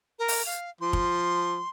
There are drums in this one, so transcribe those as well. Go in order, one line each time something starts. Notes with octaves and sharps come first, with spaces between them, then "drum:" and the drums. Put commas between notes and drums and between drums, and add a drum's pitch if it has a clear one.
A#4
drum: open hi-hat
F5
F3 C6
drum: kick